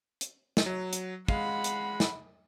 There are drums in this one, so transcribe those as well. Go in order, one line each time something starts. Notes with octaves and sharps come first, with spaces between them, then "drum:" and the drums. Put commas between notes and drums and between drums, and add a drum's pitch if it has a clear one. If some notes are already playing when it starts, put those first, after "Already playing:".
drum: hi-hat
drum: snare
F#3
drum: hi-hat
G#3 F5 F#5 B5, drum: kick
drum: hi-hat
drum: snare